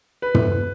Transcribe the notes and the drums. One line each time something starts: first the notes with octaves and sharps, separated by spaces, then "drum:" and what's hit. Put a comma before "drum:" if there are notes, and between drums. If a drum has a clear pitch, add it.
B4
drum: tom